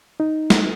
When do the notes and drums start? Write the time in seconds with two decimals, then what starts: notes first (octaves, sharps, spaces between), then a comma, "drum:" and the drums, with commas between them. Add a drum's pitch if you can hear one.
0.20 D#4
0.50 drum: snare